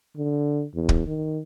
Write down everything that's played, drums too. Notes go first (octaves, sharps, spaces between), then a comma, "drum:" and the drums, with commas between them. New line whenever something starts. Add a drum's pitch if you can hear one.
D3
E2
drum: kick
D#3